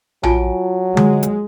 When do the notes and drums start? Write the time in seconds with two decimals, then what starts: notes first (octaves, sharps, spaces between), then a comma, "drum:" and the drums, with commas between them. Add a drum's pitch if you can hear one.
0.23 F#3 F4 G#5 A5, drum: tom A#1
0.97 G#3, drum: tom D3
1.23 drum: hi-hat